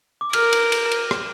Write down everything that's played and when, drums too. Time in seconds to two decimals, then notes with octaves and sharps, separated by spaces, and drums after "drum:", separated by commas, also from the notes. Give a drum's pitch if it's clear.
0.21 D6
0.33 A#4 F6, drum: cymbal
0.53 drum: cymbal
0.72 drum: cymbal
0.92 drum: cymbal
1.11 drum: rim click